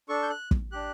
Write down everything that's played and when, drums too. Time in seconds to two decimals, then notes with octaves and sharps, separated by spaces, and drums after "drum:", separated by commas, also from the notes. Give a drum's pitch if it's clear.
0.09 D4 A4 C#6
0.23 G6
0.30 F#6
0.51 drum: kick
0.72 D4 G4 F#6